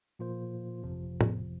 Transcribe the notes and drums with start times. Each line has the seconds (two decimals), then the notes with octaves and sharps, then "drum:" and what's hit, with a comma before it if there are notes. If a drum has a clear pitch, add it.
0.19 A#2 F3 A#3 F4 C5
0.83 G1 F2 C3 F3
1.21 drum: tom